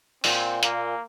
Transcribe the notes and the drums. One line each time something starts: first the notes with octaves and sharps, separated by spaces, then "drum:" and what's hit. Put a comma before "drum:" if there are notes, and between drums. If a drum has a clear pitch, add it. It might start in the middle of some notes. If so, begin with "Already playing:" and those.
A#2 C4, drum: open hi-hat
A#3, drum: hi-hat